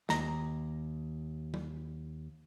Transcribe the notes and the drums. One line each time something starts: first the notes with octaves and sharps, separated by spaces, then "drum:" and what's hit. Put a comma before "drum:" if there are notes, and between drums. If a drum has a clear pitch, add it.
D#2 A#5, drum: snare
drum: tom